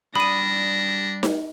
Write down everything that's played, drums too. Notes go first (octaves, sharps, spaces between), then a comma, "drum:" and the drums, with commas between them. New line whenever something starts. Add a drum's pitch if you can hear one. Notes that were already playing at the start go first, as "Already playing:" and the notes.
G3 D4 B5 D#6 A#6 D#7
drum: snare D#4